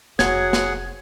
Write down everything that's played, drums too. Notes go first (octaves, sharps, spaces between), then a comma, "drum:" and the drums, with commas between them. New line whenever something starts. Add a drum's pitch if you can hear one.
F1 F#3 E4 G#4 F#5 G#6, drum: snare
drum: snare